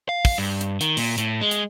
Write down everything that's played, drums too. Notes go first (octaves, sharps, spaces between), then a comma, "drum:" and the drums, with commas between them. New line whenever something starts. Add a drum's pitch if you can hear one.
F5
drum: kick, open hi-hat
G2
drum: hi-hat
D#3, drum: hi-hat
A#2, drum: open hi-hat
A2, drum: hi-hat
G#3
drum: hi-hat